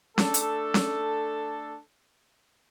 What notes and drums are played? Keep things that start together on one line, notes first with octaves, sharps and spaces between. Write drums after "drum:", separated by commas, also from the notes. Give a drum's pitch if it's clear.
A3 D4 A4, drum: snare C#4
drum: hi-hat
drum: snare C#4